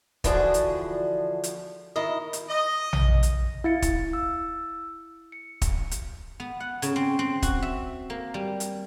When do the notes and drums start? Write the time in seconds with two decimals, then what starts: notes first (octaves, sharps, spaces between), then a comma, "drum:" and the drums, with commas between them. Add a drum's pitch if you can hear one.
0.24 D3 E3 F3 D4 F#4 G#4, drum: kick, hi-hat
0.54 drum: hi-hat
1.44 drum: hi-hat
1.96 D#3 E4 D#5
2.33 drum: hi-hat
2.50 D#5
2.93 drum: tom A#1
3.23 drum: hi-hat
3.64 E4 F5 A6 C#7
3.82 drum: kick, hi-hat
4.13 E6
5.32 C#7
5.62 drum: kick, hi-hat
5.91 drum: hi-hat
6.40 B3
6.60 F#5
6.82 C#3, drum: hi-hat
6.96 C4
7.19 C4
7.42 F#4, drum: kick, hi-hat
7.62 E5
8.10 A#3
8.34 G3
8.60 drum: hi-hat